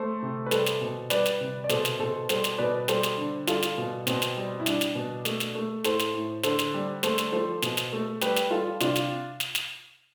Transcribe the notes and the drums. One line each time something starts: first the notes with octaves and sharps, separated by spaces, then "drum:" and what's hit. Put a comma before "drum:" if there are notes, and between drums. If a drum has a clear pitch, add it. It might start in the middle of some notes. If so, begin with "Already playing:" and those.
Already playing: A3 A4 C5
C3
B4
G3 A4 C5, drum: snare
drum: snare
B2
G3 B4 D5, drum: snare
drum: snare
C3
D5
B2 A4 C5, drum: snare
drum: snare
B2 A4 C5
G3 A4 C5, drum: snare
drum: snare
B2 B4 D5
G3 A4 C5, drum: snare
drum: snare
D3
G3 F4 A4, drum: snare
drum: snare
B2
B2 C4, drum: snare
drum: snare
G3
E4
G3 D4, drum: snare
drum: snare
B2
A3, drum: snare
drum: snare
A3
A2 A4 C5, drum: snare
drum: snare
A2
D3 A4 C5, drum: snare
drum: snare
G3
A3 A4 C5, drum: snare
drum: snare
F3 A4 C5
B2, drum: snare
drum: snare
A3
G3 G4 B4, drum: snare
drum: snare
G3 F4 A4
C3 D4 F4, drum: snare
drum: snare
drum: snare
drum: snare